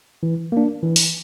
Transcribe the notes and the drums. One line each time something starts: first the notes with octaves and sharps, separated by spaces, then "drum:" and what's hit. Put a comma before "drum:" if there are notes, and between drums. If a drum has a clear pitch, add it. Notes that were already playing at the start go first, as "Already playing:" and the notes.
E3
A#3 D4
E3
drum: open hi-hat